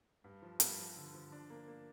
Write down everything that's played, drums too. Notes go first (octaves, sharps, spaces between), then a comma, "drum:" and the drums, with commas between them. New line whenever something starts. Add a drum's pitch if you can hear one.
G2
F3
G2, drum: hi-hat
F3
D3
F3
D4
A#3
A#3